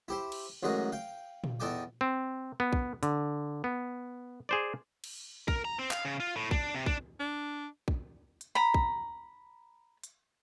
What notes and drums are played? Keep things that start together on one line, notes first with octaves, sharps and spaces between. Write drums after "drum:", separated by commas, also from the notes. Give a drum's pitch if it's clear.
E4 G4 C5
drum: cymbal
A1 G#2 F#3 D#4 A#4
F5 G5
drum: tom A#2
E2 D#4 A4 G5 G#5 D6
C4
B3
drum: kick
D3, drum: hi-hat
B3
G#4 C5 D5
drum: cymbal
A#4, drum: kick
A#5
C4
F5, drum: clap
C#3
F4
A2
D4, drum: kick
C3
D4, drum: kick
D4
drum: kick
drum: hi-hat
A#5 B5
drum: kick
drum: hi-hat